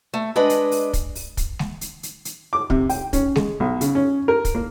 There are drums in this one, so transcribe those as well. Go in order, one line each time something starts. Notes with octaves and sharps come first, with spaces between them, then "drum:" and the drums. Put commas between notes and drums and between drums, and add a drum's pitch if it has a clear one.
A3
G#3 D4 B4 D#5
drum: hi-hat
drum: open hi-hat
drum: kick, hi-hat
drum: open hi-hat
drum: kick, hi-hat
drum: snare G#3
drum: hi-hat
drum: hi-hat
drum: hi-hat
D6
C3, drum: kick
G5, drum: open hi-hat
C#4, drum: kick, hi-hat
G#3, drum: snare G#3
B1
C#3, drum: hi-hat
C#4
A#4
drum: kick, hi-hat
A#3